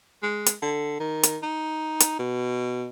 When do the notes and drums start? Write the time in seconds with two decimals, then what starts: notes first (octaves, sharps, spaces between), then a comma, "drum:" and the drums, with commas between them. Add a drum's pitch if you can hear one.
0.23 G#3
0.46 drum: hi-hat
0.62 D3
1.00 D#3
1.23 drum: hi-hat
1.43 D#4
2.00 drum: hi-hat
2.19 B2